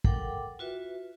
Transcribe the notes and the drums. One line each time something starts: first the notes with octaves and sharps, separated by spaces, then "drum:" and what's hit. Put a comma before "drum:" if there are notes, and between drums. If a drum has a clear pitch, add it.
A4 A#4 F#5 G5 D6, drum: kick
F4 F#4 B4 E5